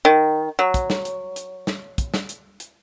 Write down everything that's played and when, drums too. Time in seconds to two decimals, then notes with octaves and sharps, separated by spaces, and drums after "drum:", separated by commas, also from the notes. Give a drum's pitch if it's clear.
0.05 D#3
0.59 F#3
0.74 drum: kick, hi-hat
0.90 drum: snare
1.05 drum: hi-hat
1.36 drum: hi-hat
1.67 drum: snare
1.98 drum: kick, hi-hat
2.14 drum: snare
2.29 drum: hi-hat
2.60 drum: hi-hat